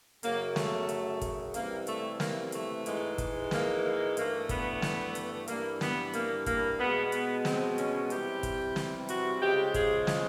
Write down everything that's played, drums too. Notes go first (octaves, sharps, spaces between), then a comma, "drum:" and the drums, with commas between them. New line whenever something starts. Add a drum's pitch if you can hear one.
F#2 C#3 F#3 A#3, drum: hi-hat
A3, drum: snare
drum: hi-hat
drum: kick, hi-hat
C3 E3 G3 A#3, drum: hi-hat
A3, drum: hi-hat
A#3, drum: snare
A3, drum: hi-hat
G#2 E3 G#3, drum: hi-hat
drum: kick, hi-hat
A#3, drum: snare
A#3
G2 E3 A3 A#3, drum: hi-hat
B3, drum: kick, hi-hat
drum: snare
drum: hi-hat
G2 E3 G3 A#3, drum: hi-hat
B3, drum: snare
A#3, drum: hi-hat
A#3, drum: kick, hi-hat
B2 G#3 B3
B3, drum: hi-hat
C4, drum: snare
C#4, drum: hi-hat
C3 E3 G3 G4, drum: hi-hat
drum: kick, hi-hat
drum: snare
F#4, drum: hi-hat
C#3 F3 G#3 G4
G#4, drum: kick, hi-hat
drum: snare